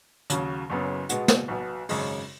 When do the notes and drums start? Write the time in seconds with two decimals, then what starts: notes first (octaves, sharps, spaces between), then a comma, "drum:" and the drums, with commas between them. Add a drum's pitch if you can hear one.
0.30 D#2 C#3 F#3 C#4, drum: hi-hat
0.70 F#1 F#2 C#3 B3
1.09 B2 G#3 B3 F#4, drum: hi-hat
1.28 drum: snare
1.48 B1 B2 B3
1.89 G#1 F#2 C#3 G#3, drum: open hi-hat